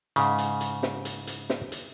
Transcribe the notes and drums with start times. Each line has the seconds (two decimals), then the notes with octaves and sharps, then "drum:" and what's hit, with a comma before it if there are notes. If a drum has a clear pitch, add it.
0.16 G#2 C#3, drum: hi-hat
0.38 drum: hi-hat
0.61 drum: hi-hat
0.83 drum: snare
1.05 drum: hi-hat
1.27 drum: hi-hat
1.50 drum: snare
1.72 drum: hi-hat